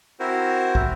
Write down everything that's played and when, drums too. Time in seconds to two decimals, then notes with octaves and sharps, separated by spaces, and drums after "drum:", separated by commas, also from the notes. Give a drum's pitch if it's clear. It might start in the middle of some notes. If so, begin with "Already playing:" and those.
0.20 C4 E4 F#4 A#4 C5
0.75 drum: kick